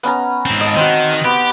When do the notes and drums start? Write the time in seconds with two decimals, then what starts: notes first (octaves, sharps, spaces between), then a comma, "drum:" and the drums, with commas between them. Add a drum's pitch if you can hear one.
0.03 B3 C#4 A#5, drum: hi-hat
0.46 G#2 C4
0.61 D#5 A5
0.76 D#3 C4 F#4
1.13 drum: hi-hat
1.24 B3 G4